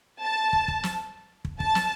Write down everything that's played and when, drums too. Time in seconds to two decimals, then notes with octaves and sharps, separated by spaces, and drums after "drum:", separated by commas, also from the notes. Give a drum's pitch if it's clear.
0.22 A5
0.53 drum: kick
0.68 drum: kick
0.83 drum: snare
1.45 drum: kick
1.60 A5, drum: kick
1.75 drum: snare